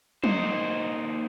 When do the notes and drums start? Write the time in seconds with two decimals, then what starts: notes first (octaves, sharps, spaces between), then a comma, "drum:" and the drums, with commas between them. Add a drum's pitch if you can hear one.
0.24 A#3 D#4 C5, drum: tom